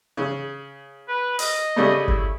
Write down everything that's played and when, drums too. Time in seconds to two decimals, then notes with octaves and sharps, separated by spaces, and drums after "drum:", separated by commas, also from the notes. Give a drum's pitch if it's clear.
0.17 C#3
1.08 B4
1.39 D#5, drum: open hi-hat
1.76 C#3 G3 A3
2.08 E4, drum: kick